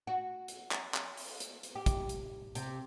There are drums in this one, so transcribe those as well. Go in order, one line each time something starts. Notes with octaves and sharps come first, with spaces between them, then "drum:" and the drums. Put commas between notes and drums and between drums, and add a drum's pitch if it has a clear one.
F#4
drum: hi-hat
drum: clap
drum: clap
drum: open hi-hat
drum: hi-hat
drum: hi-hat
G4
drum: kick, hi-hat
drum: hi-hat
C3, drum: hi-hat